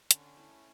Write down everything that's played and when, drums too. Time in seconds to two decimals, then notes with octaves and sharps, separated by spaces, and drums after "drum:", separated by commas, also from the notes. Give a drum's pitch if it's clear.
0.11 D3 C#4, drum: hi-hat
0.37 A3 E4